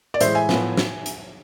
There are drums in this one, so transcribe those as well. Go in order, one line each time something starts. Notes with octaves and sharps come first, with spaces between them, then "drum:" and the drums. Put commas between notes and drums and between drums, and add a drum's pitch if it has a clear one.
D5
A2 E3 G#3 C5 E5, drum: hi-hat
E5 G#5
A2 F3 B3, drum: snare
drum: snare
drum: hi-hat